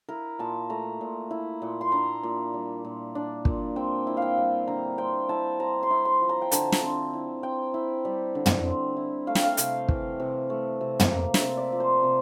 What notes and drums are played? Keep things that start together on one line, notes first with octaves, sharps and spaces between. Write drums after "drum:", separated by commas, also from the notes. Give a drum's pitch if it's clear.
E4 A#4
A#2 A5
A3 A#5
A#2
E4
A#2
C6
D4 A#5
A#2
G3
A#2
D4
A#2, drum: kick
C4 G5
E4
F5
G5
G3
D3 A#5
C4 G5
E4 A5
C4 A#5
C6
E4
C6
F3
A#5
G5
D3 A5, drum: hi-hat
drum: snare
C4
E4
C4 G5
E4
G3
D3
drum: tom
C4
E4
A3 F5
G5, drum: snare
F5
C3, drum: hi-hat
E3, drum: kick
C3
A3
C3
drum: tom
A#3
E5, drum: snare
C3
D5
F3
C5
C3